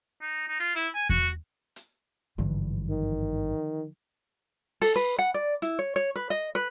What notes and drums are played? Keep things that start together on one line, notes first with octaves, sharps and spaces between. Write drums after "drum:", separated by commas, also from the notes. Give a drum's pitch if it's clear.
D#4
D#4
F4
E4
G#5
F#4, drum: kick E2
drum: hi-hat
G#1 G2 D3 E3 F3
D#3
A4, drum: open hi-hat
B4
F#5
D5
E4, drum: hi-hat
C#5
C#5
B4
D#5
B4